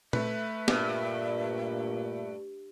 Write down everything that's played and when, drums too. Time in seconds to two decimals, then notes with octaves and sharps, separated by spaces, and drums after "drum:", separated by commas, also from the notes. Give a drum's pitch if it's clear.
0.13 A3 B4 E5, drum: tom
0.68 G2 A#2, drum: snare